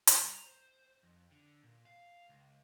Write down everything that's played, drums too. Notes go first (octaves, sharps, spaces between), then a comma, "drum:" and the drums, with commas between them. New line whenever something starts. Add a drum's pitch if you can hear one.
G2, drum: hi-hat
A#5
C5
F2
D3
A#2
F5
C#2